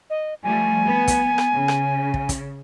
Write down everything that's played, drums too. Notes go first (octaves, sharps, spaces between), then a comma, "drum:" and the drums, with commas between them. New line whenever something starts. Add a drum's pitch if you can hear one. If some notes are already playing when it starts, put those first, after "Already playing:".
D#5
F3 G3 A3 G#5
B3
drum: kick, hi-hat
drum: rim click
C#3
drum: rim click
drum: kick
drum: kick, hi-hat